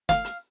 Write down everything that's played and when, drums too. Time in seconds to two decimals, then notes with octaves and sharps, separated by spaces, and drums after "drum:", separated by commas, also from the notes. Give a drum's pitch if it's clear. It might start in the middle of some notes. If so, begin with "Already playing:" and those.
0.09 F5, drum: snare
0.25 drum: hi-hat